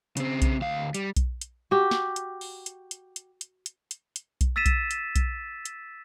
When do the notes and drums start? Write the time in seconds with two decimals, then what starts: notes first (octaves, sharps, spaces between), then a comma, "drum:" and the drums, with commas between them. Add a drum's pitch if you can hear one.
0.17 C#3 C4, drum: hi-hat
0.42 drum: kick B1, hi-hat
0.60 D2 F5
0.94 G3, drum: hi-hat
1.17 drum: kick B1, hi-hat
1.41 drum: hi-hat
1.71 F#4 G4
1.91 drum: snare
2.16 drum: hi-hat
2.41 drum: open hi-hat
2.66 drum: hi-hat
2.91 drum: hi-hat
3.16 drum: hi-hat
3.41 drum: hi-hat
3.66 drum: hi-hat
3.91 drum: hi-hat
4.16 drum: hi-hat
4.41 drum: kick B1, hi-hat
4.56 E6 A6 B6 D#7 E7
4.66 drum: kick B1, hi-hat
4.91 drum: hi-hat
5.16 drum: kick B1, hi-hat
5.65 drum: hi-hat